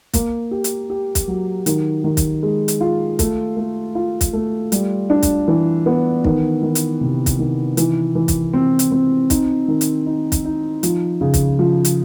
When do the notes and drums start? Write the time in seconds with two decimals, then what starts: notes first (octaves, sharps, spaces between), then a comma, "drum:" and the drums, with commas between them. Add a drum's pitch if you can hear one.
0.14 A#3, drum: kick, hi-hat
0.51 G4
0.64 drum: hi-hat
0.90 G4
1.15 drum: kick, hi-hat
1.28 F#3
1.66 D#3, drum: hi-hat
2.04 D#3
2.17 drum: kick, hi-hat
2.43 G#3
2.68 drum: hi-hat
2.81 F4
3.19 A3, drum: kick, hi-hat
3.57 A3
3.95 F4
4.21 drum: kick, hi-hat
4.33 A3
4.72 G3, drum: hi-hat
5.10 D4
5.22 drum: kick, hi-hat
5.48 E3
5.86 B3
6.24 D#3, drum: kick
6.63 D#3
6.75 drum: hi-hat
7.01 C3
7.26 drum: kick, hi-hat
7.39 D#3
7.77 E3, drum: hi-hat
8.15 E3
8.28 drum: kick, hi-hat
8.53 C4
8.79 drum: hi-hat
8.92 C4
9.30 D#4, drum: kick, hi-hat
9.68 D#3
9.81 drum: hi-hat
10.06 D#4
10.32 drum: kick, hi-hat
10.45 D#4
10.83 F3, drum: hi-hat
11.21 C#3
11.34 drum: kick, hi-hat
11.59 F3
11.84 drum: hi-hat